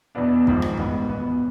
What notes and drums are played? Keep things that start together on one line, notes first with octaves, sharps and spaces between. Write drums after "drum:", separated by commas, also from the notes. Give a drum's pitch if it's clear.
E2 B2 B3 D4
G#1 G#2 F3, drum: kick
drum: rim click
A1 G#2 G#3 B3, drum: kick
E1 E2 B2 B3